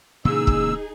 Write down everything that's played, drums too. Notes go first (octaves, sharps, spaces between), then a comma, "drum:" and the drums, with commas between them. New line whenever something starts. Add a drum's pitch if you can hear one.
A#2 C#3 E3 D#4 G#4 E6
drum: kick